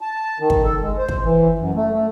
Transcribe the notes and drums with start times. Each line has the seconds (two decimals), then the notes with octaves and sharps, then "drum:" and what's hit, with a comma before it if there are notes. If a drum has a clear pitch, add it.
0.01 A5
0.39 D#3
0.50 drum: kick
0.64 A4
0.81 G#3
0.98 C5
1.09 drum: kick
1.23 E3
1.59 F#2
1.75 A3
1.93 A3